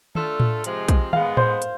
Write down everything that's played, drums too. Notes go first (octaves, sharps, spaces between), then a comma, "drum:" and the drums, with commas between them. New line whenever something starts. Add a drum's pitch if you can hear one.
A3 D4 F4 A4, drum: tom D#3
drum: tom A2
C3 F3 G#3, drum: hi-hat
drum: kick, hi-hat
G#2 G#3 B3 F5, drum: tom D#3
C5, drum: tom A2
drum: hi-hat